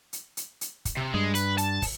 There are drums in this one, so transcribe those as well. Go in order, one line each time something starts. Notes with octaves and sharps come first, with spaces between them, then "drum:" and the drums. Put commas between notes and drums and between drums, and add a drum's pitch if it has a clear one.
drum: hi-hat
drum: hi-hat
drum: hi-hat
drum: kick, hi-hat
C3
G2 G#3
B4, drum: hi-hat
A5, drum: hi-hat
drum: kick, open hi-hat